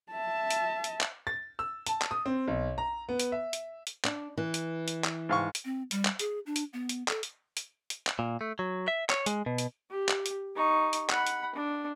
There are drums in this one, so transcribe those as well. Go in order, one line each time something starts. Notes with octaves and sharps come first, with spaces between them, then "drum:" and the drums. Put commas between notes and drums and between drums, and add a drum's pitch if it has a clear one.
E5 A5
drum: hi-hat
drum: hi-hat
drum: clap
A6
E6
A5, drum: hi-hat
drum: clap
D#6
C4
B1
A#5
B3
drum: hi-hat
E5
drum: hi-hat
drum: hi-hat
D4, drum: clap
E3
drum: hi-hat
drum: hi-hat
drum: clap
G#2 F5 C#6
drum: hi-hat
C4
G3, drum: hi-hat
drum: clap
G#4, drum: hi-hat
D4
drum: hi-hat
B3
drum: hi-hat
A4, drum: clap
drum: hi-hat
drum: hi-hat
drum: hi-hat
drum: clap
A#2
A3
F#3
E5
C#5, drum: clap
G#3, drum: hi-hat
B2
drum: hi-hat
G4
drum: clap
drum: hi-hat
D#4 C#6
drum: hi-hat
F#5 B5, drum: clap
drum: hi-hat
D4